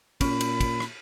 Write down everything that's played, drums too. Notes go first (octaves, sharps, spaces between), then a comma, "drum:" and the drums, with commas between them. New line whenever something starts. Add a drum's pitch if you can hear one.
A#2 C#4 B5, drum: kick, cymbal
drum: cymbal
drum: kick, cymbal
drum: rim click